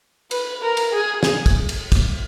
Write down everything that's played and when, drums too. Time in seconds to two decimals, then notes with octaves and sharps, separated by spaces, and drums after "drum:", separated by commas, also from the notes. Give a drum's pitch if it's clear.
0.31 B4, drum: cymbal
0.62 A#4
0.77 drum: cymbal
0.93 G#4
1.23 G#4, drum: snare
1.46 drum: kick, cymbal
1.69 drum: cymbal
1.92 drum: kick, cymbal